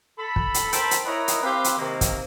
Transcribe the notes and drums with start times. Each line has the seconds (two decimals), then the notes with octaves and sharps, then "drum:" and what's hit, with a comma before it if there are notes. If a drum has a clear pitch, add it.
0.18 A4 B5
0.36 drum: kick
0.54 drum: hi-hat
0.72 A#4 C5 E5 G5 A5 B5, drum: hi-hat
0.91 drum: hi-hat
1.05 E4 A#4 B4 C#5 D#5
1.28 drum: hi-hat
1.42 C4 G4 B4 C5 F5
1.64 drum: hi-hat
1.77 C3 D#3 A#3
2.01 drum: kick, hi-hat